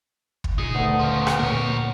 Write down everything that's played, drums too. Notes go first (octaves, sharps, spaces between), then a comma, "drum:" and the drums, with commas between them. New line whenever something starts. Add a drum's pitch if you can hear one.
drum: kick
A#2 C#3 D#4 G#4
D2 A3 B3
F3 C#4
drum: rim click
A#2 A#3 A#4 C#5